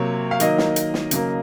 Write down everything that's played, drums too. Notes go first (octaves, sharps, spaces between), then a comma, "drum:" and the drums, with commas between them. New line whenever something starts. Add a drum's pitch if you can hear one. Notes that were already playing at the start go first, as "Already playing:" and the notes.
Already playing: C3 F#3 A#3 C#5
F5
D#3 F#3 A#3 D#5, drum: hi-hat
drum: snare
drum: hi-hat
drum: snare
C#3 F#3 A#3, drum: hi-hat